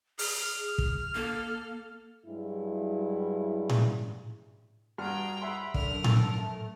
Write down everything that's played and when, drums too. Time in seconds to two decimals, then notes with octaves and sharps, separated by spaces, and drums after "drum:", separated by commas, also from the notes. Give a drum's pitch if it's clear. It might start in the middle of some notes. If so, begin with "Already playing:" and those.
0.19 G#4 F6, drum: open hi-hat
0.78 drum: kick
1.15 A#3 A4
2.26 G2 F#3 G#3 E4
3.69 drum: tom A2
4.98 G2 F#4 G#4 G5 A#5 F6
5.42 E5 F#5 B5 C6
5.74 F#2 D3 A#4 F6, drum: kick
6.04 A4, drum: tom A2
6.38 A3